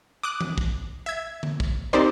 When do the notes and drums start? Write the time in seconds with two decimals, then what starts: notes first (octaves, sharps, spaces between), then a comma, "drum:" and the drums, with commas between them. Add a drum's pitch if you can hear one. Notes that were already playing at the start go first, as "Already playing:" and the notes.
0.23 D6 D#6 F#6
0.41 drum: tom D#3
0.58 drum: kick
1.06 E5 G#6
1.43 drum: tom D3
1.60 drum: kick
1.93 C4 D#4 G4 A#4 C5 D5